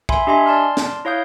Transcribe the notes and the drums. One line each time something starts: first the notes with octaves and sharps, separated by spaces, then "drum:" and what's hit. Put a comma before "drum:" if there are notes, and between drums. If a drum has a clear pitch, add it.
E5 G#5 B5 C6, drum: kick
D4 G4 D#5 E5 G#5 C6
D5 A5 C6 F6
drum: snare
E4 C#5 F5 D#6 G6